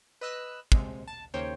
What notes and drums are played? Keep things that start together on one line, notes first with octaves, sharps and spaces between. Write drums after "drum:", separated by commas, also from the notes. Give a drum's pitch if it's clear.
B4 D#5 E6 F#6
C3 G#3, drum: kick
A5
D#2 C#3 A#3 C5 C#5 G5